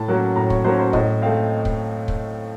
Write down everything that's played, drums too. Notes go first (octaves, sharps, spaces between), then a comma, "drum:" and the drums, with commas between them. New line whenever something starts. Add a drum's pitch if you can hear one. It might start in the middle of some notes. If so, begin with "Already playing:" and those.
Already playing: A2 A5
F#3 A#3 C#4
A2 A#5
C#5, drum: kick
F#3 A#3 C#4 C5
C5
A2 D#5, drum: kick
A3 C4 F5
drum: kick
drum: kick